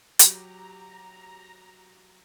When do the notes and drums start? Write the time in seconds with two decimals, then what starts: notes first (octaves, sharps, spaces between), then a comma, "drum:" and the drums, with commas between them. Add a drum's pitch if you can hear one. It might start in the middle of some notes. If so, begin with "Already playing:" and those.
0.19 F#3 G4 A#5, drum: hi-hat